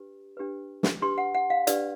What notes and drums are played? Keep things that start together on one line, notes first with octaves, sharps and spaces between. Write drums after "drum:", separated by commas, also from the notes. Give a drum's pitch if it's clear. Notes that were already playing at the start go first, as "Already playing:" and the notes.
Already playing: D4 G4 B4
D4 G4 B4
drum: snare
D4 G4 B4 C6
F#5
F#5
F5
D4 G4 B4 D5, drum: hi-hat